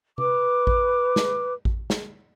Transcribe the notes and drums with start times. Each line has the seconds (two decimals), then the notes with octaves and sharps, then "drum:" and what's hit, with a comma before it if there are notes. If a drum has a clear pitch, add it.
0.18 B4 D6, drum: tom C3
0.67 drum: kick A1
1.16 drum: snare
1.65 drum: kick A1
1.90 drum: snare